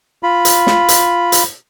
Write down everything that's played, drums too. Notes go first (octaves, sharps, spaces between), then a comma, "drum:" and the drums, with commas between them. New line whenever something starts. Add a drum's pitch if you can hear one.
F4 B5
drum: hi-hat
drum: snare
drum: hi-hat
drum: hi-hat